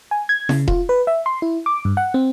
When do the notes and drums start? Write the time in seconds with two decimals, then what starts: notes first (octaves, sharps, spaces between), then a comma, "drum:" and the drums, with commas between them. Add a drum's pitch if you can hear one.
0.11 G#5
0.29 G#6
0.49 C#3, drum: snare E4
0.68 F4, drum: kick E1
0.89 B4
1.07 E5
1.26 C6
1.42 E4
1.66 D6
1.85 G2
1.97 F#5
2.14 C4